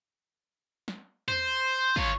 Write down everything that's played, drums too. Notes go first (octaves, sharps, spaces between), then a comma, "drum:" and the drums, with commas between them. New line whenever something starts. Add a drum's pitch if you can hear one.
drum: snare
C5, drum: tom E2
F4 C#5, drum: kick